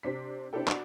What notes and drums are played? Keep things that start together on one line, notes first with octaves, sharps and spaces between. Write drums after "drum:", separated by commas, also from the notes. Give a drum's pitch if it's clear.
C3 C4 D4 B6
C4 D4 E4 G4 A4 G5
D4 F#4 D5, drum: clap